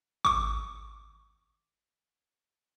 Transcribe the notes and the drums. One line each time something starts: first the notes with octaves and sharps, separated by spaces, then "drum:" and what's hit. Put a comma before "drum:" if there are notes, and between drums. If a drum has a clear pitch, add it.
C#6 D6, drum: kick